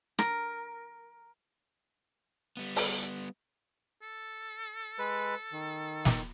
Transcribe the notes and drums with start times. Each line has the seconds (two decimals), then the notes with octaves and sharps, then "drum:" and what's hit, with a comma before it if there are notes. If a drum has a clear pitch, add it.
0.19 A#4, drum: rim click
2.57 G3 B3
2.76 drum: open hi-hat
4.02 A4
4.99 G#3 B4
5.52 D#3
6.05 drum: snare